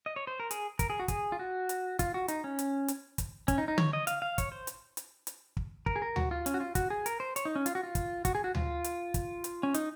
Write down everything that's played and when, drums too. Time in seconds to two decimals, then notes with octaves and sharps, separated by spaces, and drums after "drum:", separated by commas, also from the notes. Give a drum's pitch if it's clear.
0.06 D#5
0.16 C#5
0.27 C5
0.40 A#4
0.51 G#4, drum: hi-hat
0.79 A#4, drum: kick, hi-hat
0.90 G#4
1.00 F#4
1.08 G#4, drum: kick, hi-hat
1.32 F4
1.39 F#4
1.69 drum: hi-hat
1.99 F4, drum: kick, hi-hat
2.14 F#4
2.28 D#4, drum: hi-hat
2.44 C#4
2.59 drum: hi-hat
2.88 drum: hi-hat
3.18 drum: kick, hi-hat
3.48 C#4, drum: kick, hi-hat
3.58 D#4
3.68 D#4
3.78 C#5, drum: tom D3
3.93 D#5
4.07 F5, drum: hi-hat
4.22 F5
4.38 C#5, drum: kick, hi-hat
4.52 C5
4.67 drum: hi-hat
4.97 drum: hi-hat
5.27 drum: hi-hat
5.57 drum: kick
5.86 A#4, drum: kick
5.96 G#4
6.02 A#4
6.16 F#4, drum: tom D2
6.31 F4
6.46 C#4, drum: hi-hat
6.54 F#4
6.60 F4
6.75 F#4, drum: kick, hi-hat
6.90 G#4
7.06 A#4, drum: hi-hat
7.20 C5
7.36 C#5, drum: hi-hat
7.45 D#4
7.56 C#4
7.66 F4, drum: hi-hat
7.75 F#4
7.83 F4
7.95 drum: kick, hi-hat
8.25 F#4, drum: kick, hi-hat
8.35 G#4
8.44 F#4
8.55 F4, drum: tom D2
8.84 drum: hi-hat
9.14 drum: kick, hi-hat
9.44 drum: hi-hat
9.63 C#4
9.74 D#4, drum: hi-hat